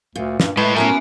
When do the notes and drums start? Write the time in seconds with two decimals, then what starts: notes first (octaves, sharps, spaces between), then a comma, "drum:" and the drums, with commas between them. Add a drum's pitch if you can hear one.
0.16 D2 A#2
0.40 G2, drum: snare
0.57 A2 G#3 E4 B4
0.76 B3 C#4 F#4 A#4 E5 G#5